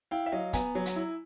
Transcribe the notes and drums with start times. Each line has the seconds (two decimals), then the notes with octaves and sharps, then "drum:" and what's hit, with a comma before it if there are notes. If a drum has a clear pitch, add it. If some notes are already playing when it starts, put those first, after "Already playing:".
0.11 E4 F5 G5
0.26 E5
0.32 F#3 D#5 F5
0.53 B3 G#5 A#5, drum: kick, hi-hat
0.75 F#3
0.86 drum: hi-hat
0.96 E4